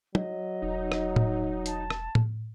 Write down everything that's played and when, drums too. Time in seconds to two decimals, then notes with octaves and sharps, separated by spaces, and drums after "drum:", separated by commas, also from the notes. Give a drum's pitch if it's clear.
0.15 F#3 D#5, drum: tom
0.62 E1 D#4
0.92 drum: rim click
1.16 drum: tom A2
1.66 A5, drum: hi-hat
1.90 drum: rim click
2.15 drum: tom A2